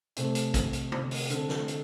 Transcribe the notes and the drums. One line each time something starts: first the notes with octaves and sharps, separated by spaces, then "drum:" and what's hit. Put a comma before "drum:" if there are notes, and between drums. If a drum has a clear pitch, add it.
C3 A3 C4, drum: hi-hat
drum: hi-hat
drum: kick, hi-hat
drum: hi-hat
drum: tom
drum: open hi-hat
D3 C4 A4, drum: hi-hat
drum: snare
drum: hi-hat